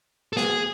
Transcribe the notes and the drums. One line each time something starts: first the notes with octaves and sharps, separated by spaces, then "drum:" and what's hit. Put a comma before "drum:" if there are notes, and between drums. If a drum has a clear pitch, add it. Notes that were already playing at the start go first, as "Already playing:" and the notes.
A4
G#4, drum: snare